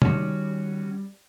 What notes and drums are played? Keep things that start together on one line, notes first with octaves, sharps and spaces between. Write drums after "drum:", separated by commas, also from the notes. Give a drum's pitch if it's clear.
D#3 G3 C#4 F#4, drum: tom